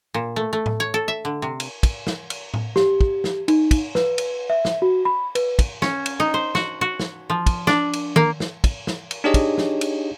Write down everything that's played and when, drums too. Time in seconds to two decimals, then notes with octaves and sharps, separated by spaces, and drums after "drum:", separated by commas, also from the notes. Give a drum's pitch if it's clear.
0.14 A#2
0.36 A3
0.53 A3
0.66 drum: tom A2
0.80 C#5
0.94 A4
1.08 E5
1.25 D3
1.42 C3
1.60 drum: cymbal
1.83 drum: kick, cymbal
2.07 drum: snare
2.30 drum: cymbal
2.54 drum: tom A2
2.76 G4, drum: snare
3.01 drum: kick
3.24 drum: snare
3.48 D#4, drum: cymbal
3.71 drum: kick, cymbal
3.95 B4, drum: snare
4.18 drum: cymbal
4.50 E5
4.65 drum: snare
4.82 F#4
5.05 B5
5.35 B4, drum: cymbal
5.59 drum: kick, cymbal
5.82 C#4, drum: snare
6.06 drum: cymbal
6.20 D#4
6.34 C5
6.55 F#4, drum: snare
6.81 F#4
7.00 drum: snare
7.30 F3
7.46 drum: kick, cymbal
7.67 D4, drum: snare
7.93 drum: cymbal
8.16 A#3, drum: tom D#3
8.40 drum: snare
8.64 drum: kick, cymbal
8.87 drum: snare
9.11 drum: cymbal
9.24 D4 D#4 G4 G#4 C#5 D#5
9.34 drum: kick, cymbal
9.58 drum: snare
9.81 drum: cymbal